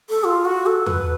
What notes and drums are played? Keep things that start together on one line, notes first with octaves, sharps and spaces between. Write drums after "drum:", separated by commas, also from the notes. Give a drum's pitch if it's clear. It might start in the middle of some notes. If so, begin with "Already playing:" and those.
A4
F4
F#4
A4
B4, drum: tom E2